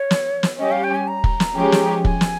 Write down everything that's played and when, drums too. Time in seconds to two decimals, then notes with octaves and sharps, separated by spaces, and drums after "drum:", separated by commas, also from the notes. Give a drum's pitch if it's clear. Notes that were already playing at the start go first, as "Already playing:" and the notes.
Already playing: C#5
0.11 drum: snare
0.43 drum: snare
0.59 G3 C#4 G4 D#5
0.71 F5
0.84 G5
0.95 G#5
1.08 A#5
1.24 drum: kick
1.40 drum: snare
1.56 F3 G#3 C#4 G4
1.72 drum: snare
2.05 G#5, drum: kick
2.21 drum: snare